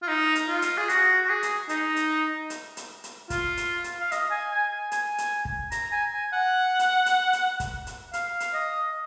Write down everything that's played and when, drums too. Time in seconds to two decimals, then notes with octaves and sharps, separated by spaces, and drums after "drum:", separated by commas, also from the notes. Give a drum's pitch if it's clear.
0.03 F4
0.08 D#4
0.35 drum: hi-hat
0.48 F4
0.62 drum: hi-hat
0.78 G#4
0.89 F#4, drum: hi-hat
1.25 F#4
1.30 G#4
1.43 drum: hi-hat
1.69 D#4, drum: hi-hat
1.96 drum: hi-hat
2.50 drum: hi-hat
2.77 drum: hi-hat
3.04 drum: hi-hat
3.30 F4, drum: kick, hi-hat
3.57 drum: hi-hat
3.84 drum: hi-hat
4.00 F5
4.12 D#5, drum: hi-hat
4.31 G#5
4.52 G#5
4.71 G#5
4.92 G#5, drum: hi-hat
5.18 drum: hi-hat
5.45 drum: kick
5.72 A#5, drum: hi-hat
5.92 G#5
6.13 G#5
6.33 F#5
6.79 drum: hi-hat
7.06 drum: hi-hat
7.33 drum: hi-hat
7.60 drum: kick, hi-hat
7.87 drum: hi-hat
8.13 F5, drum: hi-hat
8.40 drum: hi-hat
8.54 D#5